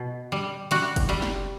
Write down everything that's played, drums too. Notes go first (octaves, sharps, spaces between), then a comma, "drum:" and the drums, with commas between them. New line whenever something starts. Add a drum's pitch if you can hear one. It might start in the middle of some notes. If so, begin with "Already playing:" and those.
Already playing: B2
G3
G3 F#4, drum: hi-hat
drum: kick, hi-hat
G3 G4
drum: snare